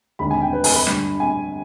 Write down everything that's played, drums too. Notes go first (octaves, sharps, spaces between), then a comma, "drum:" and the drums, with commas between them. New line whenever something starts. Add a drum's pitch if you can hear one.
D#2 D3 G#3 B5
G#5
G5
B4
G#5, drum: open hi-hat
B5
G2 D3 G3 D4, drum: rim click
G#5